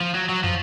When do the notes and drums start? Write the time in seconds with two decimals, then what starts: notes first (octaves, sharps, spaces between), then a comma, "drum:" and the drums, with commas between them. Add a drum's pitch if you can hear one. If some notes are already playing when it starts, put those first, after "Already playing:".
0.01 F3
0.15 F#3
0.29 F#3
0.44 F3, drum: tom